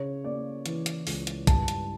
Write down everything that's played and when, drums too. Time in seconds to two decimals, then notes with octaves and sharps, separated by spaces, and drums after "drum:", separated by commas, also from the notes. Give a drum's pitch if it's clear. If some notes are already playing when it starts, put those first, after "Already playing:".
Already playing: C#3 C#5
0.24 A#3 D5
0.66 E3, drum: hi-hat
0.86 drum: hi-hat
1.07 C#2, drum: open hi-hat
1.27 drum: hi-hat
1.47 G2 A5, drum: kick, hi-hat
1.68 drum: hi-hat